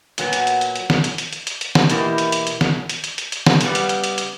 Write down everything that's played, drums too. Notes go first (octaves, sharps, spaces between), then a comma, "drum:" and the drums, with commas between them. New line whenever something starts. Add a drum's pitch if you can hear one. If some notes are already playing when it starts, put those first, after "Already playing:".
A#2 F#3 B3, drum: hi-hat
drum: hi-hat
drum: hi-hat
drum: hi-hat
drum: hi-hat
drum: snare
drum: hi-hat
drum: hi-hat
drum: hi-hat
drum: hi-hat
drum: hi-hat
drum: snare
E2 B2 A#3 E4 G4, drum: hi-hat
drum: hi-hat
drum: hi-hat
drum: hi-hat
drum: snare
drum: hi-hat
drum: hi-hat
drum: hi-hat
drum: hi-hat
drum: snare
C#3 G3 B3, drum: hi-hat
drum: hi-hat
drum: hi-hat
drum: hi-hat
drum: hi-hat